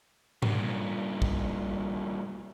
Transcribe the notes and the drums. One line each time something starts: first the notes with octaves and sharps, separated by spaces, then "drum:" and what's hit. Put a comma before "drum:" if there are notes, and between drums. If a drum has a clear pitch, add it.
G2 A#2, drum: tom G#2
drum: kick